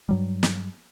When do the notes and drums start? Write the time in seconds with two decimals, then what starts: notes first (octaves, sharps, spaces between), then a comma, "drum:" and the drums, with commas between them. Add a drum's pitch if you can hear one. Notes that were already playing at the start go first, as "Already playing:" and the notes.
0.09 G2 F#3 G3
0.43 drum: snare